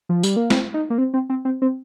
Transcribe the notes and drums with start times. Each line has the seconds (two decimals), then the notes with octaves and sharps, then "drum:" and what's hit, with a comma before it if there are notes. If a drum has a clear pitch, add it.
0.09 F3
0.23 G3, drum: tambourine
0.36 A#3
0.50 C4, drum: snare
0.74 D#4
0.90 A#3
0.98 C4
1.14 C4
1.30 C4
1.45 C4
1.62 C4